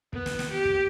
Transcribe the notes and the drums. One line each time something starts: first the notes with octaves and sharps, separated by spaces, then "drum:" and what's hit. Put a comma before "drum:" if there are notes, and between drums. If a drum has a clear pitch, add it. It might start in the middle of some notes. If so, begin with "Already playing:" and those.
B3, drum: kick
drum: snare
drum: snare
G4
drum: kick